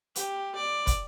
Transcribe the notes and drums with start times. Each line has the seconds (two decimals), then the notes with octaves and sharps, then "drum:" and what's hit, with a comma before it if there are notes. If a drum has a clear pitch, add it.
0.16 G4, drum: hi-hat
0.55 D5
0.87 drum: kick, hi-hat